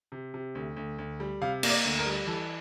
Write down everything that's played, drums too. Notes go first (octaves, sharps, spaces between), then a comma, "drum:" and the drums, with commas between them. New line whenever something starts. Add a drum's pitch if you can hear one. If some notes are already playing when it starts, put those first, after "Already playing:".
C3
C3
D2
D2
D2
G3
C3 F5
A#3, drum: cymbal
D5
D2
A#4
G3
E3 A4